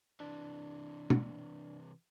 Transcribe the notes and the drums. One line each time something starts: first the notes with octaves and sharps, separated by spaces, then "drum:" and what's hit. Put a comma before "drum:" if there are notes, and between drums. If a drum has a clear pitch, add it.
C3 E3 D4 D5
drum: tom